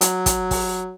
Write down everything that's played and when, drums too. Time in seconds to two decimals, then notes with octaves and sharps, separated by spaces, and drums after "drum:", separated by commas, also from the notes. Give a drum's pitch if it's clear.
0.01 F#3, drum: hi-hat
0.26 drum: kick, hi-hat
0.51 drum: kick, open hi-hat